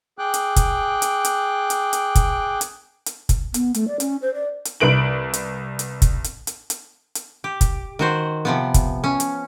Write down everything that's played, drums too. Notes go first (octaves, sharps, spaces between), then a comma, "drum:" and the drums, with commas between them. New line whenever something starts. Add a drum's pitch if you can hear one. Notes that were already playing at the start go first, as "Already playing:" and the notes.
G#4 G5 D6 F#6
drum: hi-hat
drum: kick, hi-hat
drum: hi-hat
drum: hi-hat
drum: hi-hat
drum: hi-hat
drum: kick, hi-hat
drum: hi-hat
drum: hi-hat
drum: kick, hi-hat
B3, drum: hi-hat
A3, drum: hi-hat
D5
C#4, drum: hi-hat
C5
D5
drum: hi-hat
C2 B4 D7 F#7
drum: hi-hat
drum: hi-hat
drum: kick, hi-hat
drum: hi-hat
drum: hi-hat
drum: hi-hat
drum: hi-hat
G4
drum: kick, hi-hat
D#3 F#4 C5
C3 F3 B3
drum: kick, hi-hat
C#4
drum: hi-hat